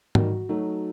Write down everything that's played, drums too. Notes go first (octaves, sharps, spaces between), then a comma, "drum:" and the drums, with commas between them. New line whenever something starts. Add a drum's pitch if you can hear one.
D#3 G3 F#4, drum: tom G#2
F#3 A3 D#4